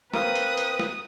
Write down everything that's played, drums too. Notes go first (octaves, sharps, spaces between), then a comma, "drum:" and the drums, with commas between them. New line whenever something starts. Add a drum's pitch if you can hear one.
C4 A#4 B4 F5 D#6, drum: snare
drum: hi-hat
drum: hi-hat
drum: snare